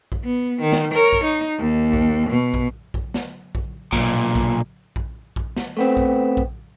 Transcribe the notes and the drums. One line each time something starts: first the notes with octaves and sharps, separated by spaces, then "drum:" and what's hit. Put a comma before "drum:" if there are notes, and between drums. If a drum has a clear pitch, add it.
drum: kick A#1
B3
D#3
drum: snare
A#4 C#5
drum: kick A#1
D#4
D#2
drum: kick A#1
B2
drum: kick A#1
drum: kick A#1
drum: snare
drum: kick A#1
B1 A#2, drum: kick A#1
drum: kick A#1
drum: kick A#1
drum: kick A#1
drum: snare
A3 B3 C4
drum: kick A#1
drum: kick A#1